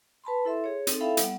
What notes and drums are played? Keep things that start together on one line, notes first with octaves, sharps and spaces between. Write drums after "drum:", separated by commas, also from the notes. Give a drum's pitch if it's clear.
B4 A5 B5 C6
E4 A4 E5 C6
G#4 C#5
C4 D#4 A4, drum: hi-hat
E4 A4 E5 F5 G5 B5
G3 B3 F#5, drum: hi-hat